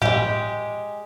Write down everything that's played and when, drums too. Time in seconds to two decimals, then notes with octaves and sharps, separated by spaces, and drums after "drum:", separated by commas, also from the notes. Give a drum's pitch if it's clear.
0.02 G#3 G4, drum: tom